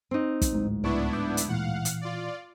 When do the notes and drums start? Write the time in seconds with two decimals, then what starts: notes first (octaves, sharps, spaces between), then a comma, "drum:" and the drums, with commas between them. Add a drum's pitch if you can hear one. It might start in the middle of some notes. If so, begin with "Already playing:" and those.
0.11 C4 D#4
0.42 drum: kick, hi-hat
0.52 D1 G#2
0.84 C#2 B3 D4 E4 D5 C#6
1.13 D6 G6
1.37 drum: hi-hat
1.49 A#2 E3 F5 F#5
1.85 drum: hi-hat
2.01 F4 D5